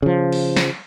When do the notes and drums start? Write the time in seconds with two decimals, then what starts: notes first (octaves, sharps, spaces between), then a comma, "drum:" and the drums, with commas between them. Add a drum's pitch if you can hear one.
0.02 C#3 F3
0.32 drum: cymbal
0.56 drum: snare